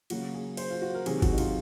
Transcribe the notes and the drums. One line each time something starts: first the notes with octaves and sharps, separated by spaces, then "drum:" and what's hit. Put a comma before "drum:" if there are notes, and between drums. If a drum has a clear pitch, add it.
C#3 F#3 A#3 F#4, drum: cymbal
G#4
C5, drum: cymbal
F4
F#4
A#4
C3 D#3 F#3 G#4, drum: cymbal
F#4, drum: kick G1, cymbal
D#4
F4, drum: cymbal